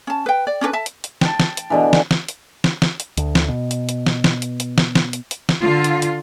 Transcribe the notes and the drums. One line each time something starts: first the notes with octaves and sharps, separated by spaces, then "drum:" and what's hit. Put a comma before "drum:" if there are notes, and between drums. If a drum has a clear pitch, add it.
C#4 A5
B4 G5
D5
C#4 D4 G4 B4
E5 A5
drum: hi-hat
drum: hi-hat
G5 A5, drum: snare
drum: snare
drum: hi-hat
B2 D3 E3
drum: snare
drum: snare
drum: hi-hat
drum: snare
drum: snare
drum: hi-hat
D2, drum: hi-hat
drum: snare
B2
drum: hi-hat
drum: hi-hat
drum: snare
drum: snare
drum: hi-hat
drum: hi-hat
drum: snare
drum: snare
drum: hi-hat
drum: hi-hat
drum: snare
D3 F4
drum: hi-hat
drum: hi-hat